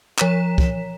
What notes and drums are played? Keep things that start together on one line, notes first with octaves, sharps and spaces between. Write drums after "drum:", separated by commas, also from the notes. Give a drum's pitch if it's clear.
F3 C#5 A#5 B6 E7, drum: clap
drum: kick